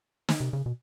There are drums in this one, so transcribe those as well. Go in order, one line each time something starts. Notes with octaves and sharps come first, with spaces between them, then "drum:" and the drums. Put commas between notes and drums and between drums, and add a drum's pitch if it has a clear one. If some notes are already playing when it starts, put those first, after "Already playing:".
drum: snare
C3
C#3
B2